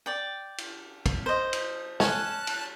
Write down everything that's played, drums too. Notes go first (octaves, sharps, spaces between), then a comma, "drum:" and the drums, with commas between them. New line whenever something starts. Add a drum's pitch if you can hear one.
D5 G5
drum: cymbal
drum: kick, cymbal
C5 D#5
drum: cymbal
C#4 A5 F#6, drum: snare
drum: cymbal